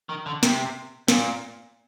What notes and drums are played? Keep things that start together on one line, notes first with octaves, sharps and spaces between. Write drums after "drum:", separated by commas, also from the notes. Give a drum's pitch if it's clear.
D#3
D3
C3, drum: snare
A#2, drum: snare